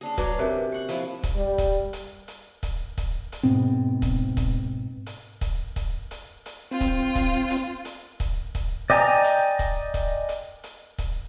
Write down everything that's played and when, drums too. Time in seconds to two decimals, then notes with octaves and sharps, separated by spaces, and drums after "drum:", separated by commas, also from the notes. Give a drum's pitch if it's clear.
0.01 C#4 D4 G#4
0.18 F#3 B4 D5, drum: kick C#1, hi-hat
0.39 C3 A#4 B4
0.72 F#5 C#6
0.89 F3 E4 F4, drum: hi-hat
1.23 drum: kick C#1, hi-hat
1.36 G3
1.58 drum: kick C#1, hi-hat
1.93 drum: hi-hat
2.28 drum: hi-hat
2.63 drum: kick C#1, hi-hat
2.98 drum: kick C#1, hi-hat
3.32 drum: hi-hat
3.43 G#2 B2 B3 C4
4.02 drum: kick C#1, hi-hat
4.37 drum: kick C#1, hi-hat
5.06 drum: hi-hat
5.41 drum: kick C#1, hi-hat
5.76 drum: kick C#1, hi-hat
6.11 drum: hi-hat
6.46 drum: hi-hat
6.71 C4 F4
6.81 drum: kick C#1, hi-hat
7.15 drum: kick C#1, hi-hat
7.50 drum: hi-hat
7.85 drum: hi-hat
8.20 drum: kick C#1, hi-hat
8.55 drum: kick C#1, hi-hat
8.90 D5 D#5 G5 G#5 A#5, drum: hi-hat
9.24 drum: hi-hat
9.59 drum: kick C#1, hi-hat
9.94 drum: kick C#1, hi-hat
10.29 drum: hi-hat
10.64 drum: hi-hat
10.98 drum: kick C#1, hi-hat